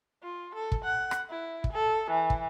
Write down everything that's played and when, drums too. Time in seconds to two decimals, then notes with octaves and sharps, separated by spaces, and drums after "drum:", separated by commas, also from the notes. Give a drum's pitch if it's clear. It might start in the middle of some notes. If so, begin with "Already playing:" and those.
0.23 F4
0.55 A4
0.72 drum: kick
0.85 F#5
1.11 drum: rim click
1.30 E4
1.64 drum: kick
1.73 A4
2.11 E3
2.30 drum: kick